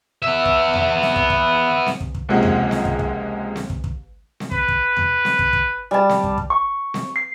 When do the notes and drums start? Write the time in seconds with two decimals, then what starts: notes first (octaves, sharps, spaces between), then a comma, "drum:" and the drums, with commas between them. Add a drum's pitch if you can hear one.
0.22 B3 E5
0.45 drum: kick
0.74 drum: tom E2
1.02 drum: snare C4
1.16 drum: kick
1.30 drum: kick
1.86 drum: snare C4
2.00 drum: kick
2.15 drum: kick
2.29 C#2 C3 F3 G#3 A#3 F#5
2.43 drum: tom E2
2.71 drum: snare C4
2.85 drum: kick
2.99 drum: kick
3.56 drum: snare C4
3.70 drum: kick
3.84 drum: kick
4.40 drum: snare C4
4.51 B4, drum: kick
4.68 drum: kick
4.97 drum: tom E2
5.25 drum: snare C4
5.39 drum: kick
5.53 drum: kick
5.91 G3 A5
6.09 drum: snare C4
6.24 drum: kick
6.38 drum: kick
6.50 C#6
6.94 drum: snare C4
7.16 C7